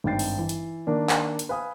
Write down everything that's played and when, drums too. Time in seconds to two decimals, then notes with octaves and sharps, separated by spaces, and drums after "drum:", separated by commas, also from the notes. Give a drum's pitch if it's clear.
0.04 G#1 G2 D#4 G5 A6 C7
0.19 drum: open hi-hat
0.38 E3
0.49 drum: hi-hat
0.87 D#3 A#3 D4
1.09 drum: clap
1.39 drum: hi-hat
1.49 B4 F5 G#5 D#6